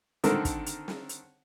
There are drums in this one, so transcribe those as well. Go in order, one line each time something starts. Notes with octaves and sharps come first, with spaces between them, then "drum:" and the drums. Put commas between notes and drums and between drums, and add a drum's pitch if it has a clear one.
D3 D#3 C4 A4 A#4, drum: hi-hat
drum: kick, hi-hat
drum: hi-hat
drum: snare
drum: hi-hat